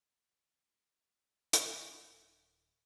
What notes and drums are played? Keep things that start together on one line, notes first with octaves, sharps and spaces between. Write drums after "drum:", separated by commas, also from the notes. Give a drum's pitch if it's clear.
D#1, drum: hi-hat